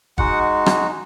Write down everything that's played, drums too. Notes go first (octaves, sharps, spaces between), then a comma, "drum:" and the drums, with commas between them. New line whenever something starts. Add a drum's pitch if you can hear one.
G#3 D#4 F#4 F#5, drum: kick
drum: rim click